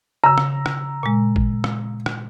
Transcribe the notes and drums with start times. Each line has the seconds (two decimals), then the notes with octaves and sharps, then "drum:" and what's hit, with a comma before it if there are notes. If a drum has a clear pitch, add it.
0.24 C#3 A#5 E6
0.38 drum: rim click
0.66 drum: rim click
1.03 A#2 G#3
1.36 drum: kick
1.64 drum: rim click
2.06 drum: rim click